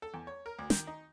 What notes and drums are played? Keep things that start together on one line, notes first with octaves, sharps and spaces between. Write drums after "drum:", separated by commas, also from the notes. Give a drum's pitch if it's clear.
A4
E2
C#5
A#4
D2
D#3, drum: snare
D#4